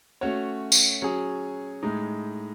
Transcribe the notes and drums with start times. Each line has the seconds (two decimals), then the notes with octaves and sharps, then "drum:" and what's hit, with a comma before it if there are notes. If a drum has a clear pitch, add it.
0.21 A3 C#4 F#4 C#5
0.72 drum: tambourine
1.02 F#3 C#4 G#4
1.83 A2 G#3 D#4